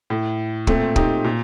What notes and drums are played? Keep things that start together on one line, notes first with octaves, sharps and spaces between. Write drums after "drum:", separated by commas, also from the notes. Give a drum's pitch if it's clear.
A2
A#2 A3 C4, drum: kick
D#4 G4, drum: kick
A#2